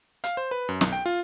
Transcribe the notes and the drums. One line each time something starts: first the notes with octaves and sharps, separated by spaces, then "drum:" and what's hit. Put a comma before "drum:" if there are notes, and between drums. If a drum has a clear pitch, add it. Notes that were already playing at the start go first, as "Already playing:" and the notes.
F5, drum: hi-hat
C5
B4
F#2
B1, drum: snare
G5
F4